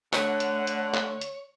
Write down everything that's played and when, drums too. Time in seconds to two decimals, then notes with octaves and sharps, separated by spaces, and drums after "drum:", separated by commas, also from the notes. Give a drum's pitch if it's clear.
0.13 D3 A3 C#5 F#5, drum: clap
0.40 drum: hi-hat
0.67 drum: hi-hat
0.94 drum: clap
1.21 drum: hi-hat